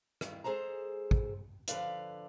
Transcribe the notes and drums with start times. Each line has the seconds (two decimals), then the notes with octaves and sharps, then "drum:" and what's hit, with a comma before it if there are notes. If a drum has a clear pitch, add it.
0.21 D2 G2 D#3, drum: rim click
0.44 G#3 G#4 A4 C5 A#5
1.11 drum: kick
1.68 D3 F3 G#4 B4 D5 F5, drum: hi-hat